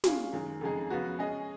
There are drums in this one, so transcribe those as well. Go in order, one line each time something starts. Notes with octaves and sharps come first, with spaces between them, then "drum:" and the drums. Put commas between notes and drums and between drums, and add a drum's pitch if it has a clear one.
G#3 C#4 F4, drum: snare
F#2 D#3 G#3
F2 C#3 G#3 D#4 G#4
C#3 F3 B3 F#4
G#3 C#4 G#4 D#5